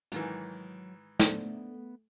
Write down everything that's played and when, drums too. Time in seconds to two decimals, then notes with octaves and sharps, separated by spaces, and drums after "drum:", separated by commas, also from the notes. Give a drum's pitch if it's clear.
0.12 G#2 D#3 E3 F#3, drum: hi-hat
1.20 A3 B3 D4 C5 G5, drum: snare